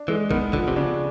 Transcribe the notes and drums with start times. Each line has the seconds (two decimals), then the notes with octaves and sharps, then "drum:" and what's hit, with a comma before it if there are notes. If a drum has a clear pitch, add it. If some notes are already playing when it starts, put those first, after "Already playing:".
Already playing: D4
0.08 E3 G#3
0.31 D#3 B3, drum: kick
0.53 D3 F3, drum: kick
0.68 C3
0.76 C#3 D4